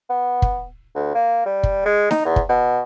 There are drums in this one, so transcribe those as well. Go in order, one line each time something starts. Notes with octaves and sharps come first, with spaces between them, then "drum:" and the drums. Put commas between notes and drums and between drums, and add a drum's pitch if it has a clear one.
B3
drum: kick
D2
A#3
G3
drum: kick
G#3
D#4, drum: snare D#4
E2
drum: kick
B2